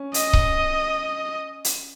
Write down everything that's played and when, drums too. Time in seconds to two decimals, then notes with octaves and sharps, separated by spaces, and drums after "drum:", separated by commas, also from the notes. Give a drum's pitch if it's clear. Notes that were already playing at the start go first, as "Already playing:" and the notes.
Already playing: C#4
0.14 D#5, drum: hi-hat
0.33 drum: kick C#1
1.64 drum: hi-hat